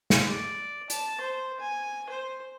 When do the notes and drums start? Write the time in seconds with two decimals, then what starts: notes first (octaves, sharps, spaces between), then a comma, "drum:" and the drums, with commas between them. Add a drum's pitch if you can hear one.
0.10 drum: snare
0.28 D5
0.90 A5, drum: hi-hat
1.21 C5
1.60 G#5
2.09 C5